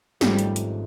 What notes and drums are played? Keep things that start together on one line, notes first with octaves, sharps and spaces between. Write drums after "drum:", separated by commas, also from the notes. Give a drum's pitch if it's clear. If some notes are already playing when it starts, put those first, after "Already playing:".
G#1 G#2 F3 G3 A3 C#4, drum: snare
drum: hi-hat
drum: hi-hat